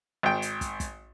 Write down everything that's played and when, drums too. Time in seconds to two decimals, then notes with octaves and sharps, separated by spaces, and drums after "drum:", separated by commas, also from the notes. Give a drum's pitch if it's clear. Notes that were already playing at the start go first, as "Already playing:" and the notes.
0.23 G#1 G5
0.42 drum: hi-hat
0.61 drum: kick, hi-hat
0.80 drum: kick, hi-hat